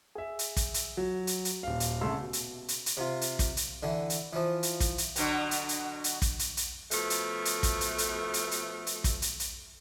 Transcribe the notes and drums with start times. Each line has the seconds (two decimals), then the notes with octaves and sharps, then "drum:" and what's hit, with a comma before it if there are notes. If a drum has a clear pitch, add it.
0.15 G#4 E5
0.39 drum: hi-hat
0.57 drum: kick, hi-hat
0.74 drum: hi-hat
0.97 F#3
1.27 drum: hi-hat
1.45 drum: hi-hat
1.63 D#1 F5
1.80 drum: hi-hat
2.01 C2 C#3 A3 C6 E6
2.20 B2
2.33 drum: hi-hat
2.68 drum: hi-hat
2.86 drum: hi-hat
2.97 C3 F4
3.21 drum: hi-hat
3.39 drum: kick, hi-hat
3.57 drum: hi-hat
3.83 D3 E3
4.10 drum: hi-hat
4.33 E3 F3
4.63 drum: hi-hat
4.80 drum: kick, hi-hat
4.98 drum: hi-hat
5.16 B2 D3 F#3, drum: hi-hat
5.51 drum: hi-hat
5.69 drum: hi-hat
6.04 drum: hi-hat
6.22 drum: kick, hi-hat
6.39 drum: hi-hat
6.57 drum: hi-hat
6.91 B2 F3 A3, drum: hi-hat
7.10 drum: hi-hat
7.45 drum: hi-hat
7.63 drum: kick, hi-hat
7.81 drum: hi-hat
7.98 drum: hi-hat
8.34 drum: hi-hat
8.51 drum: hi-hat
8.87 drum: hi-hat
9.04 drum: kick, hi-hat
9.22 drum: hi-hat
9.40 drum: hi-hat